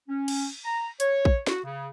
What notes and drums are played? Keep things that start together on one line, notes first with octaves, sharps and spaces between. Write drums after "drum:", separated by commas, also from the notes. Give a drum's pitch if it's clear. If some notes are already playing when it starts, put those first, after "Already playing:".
C#4
drum: cymbal
A#5
C#5, drum: hi-hat
drum: kick
F#4, drum: snare
C#3